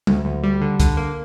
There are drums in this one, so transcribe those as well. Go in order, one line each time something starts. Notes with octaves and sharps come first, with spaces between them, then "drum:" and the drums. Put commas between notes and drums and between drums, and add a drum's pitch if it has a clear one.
D2, drum: tom F#3
D2
G3
D3
D3, drum: kick, hi-hat
A#3